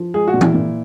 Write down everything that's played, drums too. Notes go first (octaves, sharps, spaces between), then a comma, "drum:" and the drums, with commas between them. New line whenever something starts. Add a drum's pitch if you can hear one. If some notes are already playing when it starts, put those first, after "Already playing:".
Already playing: F3
G#3 G#4
F#4
A#2
E4, drum: tom E3
A#2